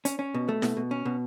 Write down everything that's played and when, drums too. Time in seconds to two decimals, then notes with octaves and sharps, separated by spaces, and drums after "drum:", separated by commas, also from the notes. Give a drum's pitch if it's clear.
0.05 C#4, drum: hi-hat
0.19 C#4
0.34 B2
0.49 A3
0.62 B2, drum: snare E4
0.77 B2
0.91 C#4
1.05 B2